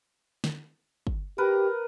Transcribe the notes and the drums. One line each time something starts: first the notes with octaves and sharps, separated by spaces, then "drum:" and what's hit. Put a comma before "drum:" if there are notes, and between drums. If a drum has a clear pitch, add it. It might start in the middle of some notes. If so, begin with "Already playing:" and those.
drum: snare
drum: kick
G4 A#4 B4 A#5